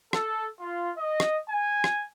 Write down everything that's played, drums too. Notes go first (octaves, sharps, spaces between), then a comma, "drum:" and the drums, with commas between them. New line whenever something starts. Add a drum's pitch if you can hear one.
A4, drum: rim click
F4
D#5
drum: rim click
G#5
drum: rim click